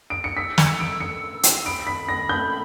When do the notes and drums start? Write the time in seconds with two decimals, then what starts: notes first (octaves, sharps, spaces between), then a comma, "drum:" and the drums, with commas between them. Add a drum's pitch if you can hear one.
0.10 D7
0.24 C#7
0.37 E6 B6
0.58 C#7, drum: snare
0.80 D7
1.00 C#7
1.43 drum: hi-hat
1.65 B5 D7
1.87 B6
2.09 A#6
2.29 G6